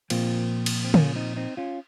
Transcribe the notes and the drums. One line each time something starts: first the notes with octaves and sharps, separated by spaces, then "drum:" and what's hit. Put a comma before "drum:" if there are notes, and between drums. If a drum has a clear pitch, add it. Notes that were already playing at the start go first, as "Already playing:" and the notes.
A#2 F3 A#3 C4, drum: cymbal
drum: cymbal
C4
A#3 C#4, drum: tom
C4 D#4
C4 D#4
C#4 F4